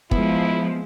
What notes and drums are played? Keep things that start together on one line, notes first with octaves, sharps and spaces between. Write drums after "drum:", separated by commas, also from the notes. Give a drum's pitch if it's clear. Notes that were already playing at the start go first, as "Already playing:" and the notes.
F3 G#3 B3 E4, drum: kick